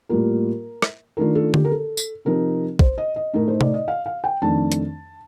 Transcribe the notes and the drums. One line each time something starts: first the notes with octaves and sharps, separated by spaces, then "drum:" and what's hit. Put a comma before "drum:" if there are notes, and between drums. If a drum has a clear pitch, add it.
A2 G3 A#3 F4 A#4
drum: rim click
D#3 A3 D4 F4 A#4
A4
G4, drum: tom D3
A#4
A4
drum: tambourine
C3 F3 C4 D#4 A#4
C5, drum: kick
D#5
D#5
A2 A3 D#4 A#4
C5
D5, drum: tom C3
D#5
F5
F5
G5
F2 D#3 A3 D4 A5
drum: hi-hat